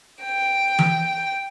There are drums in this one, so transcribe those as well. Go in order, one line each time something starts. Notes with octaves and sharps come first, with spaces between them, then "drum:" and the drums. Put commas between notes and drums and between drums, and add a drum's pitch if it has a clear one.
G5
drum: tom E3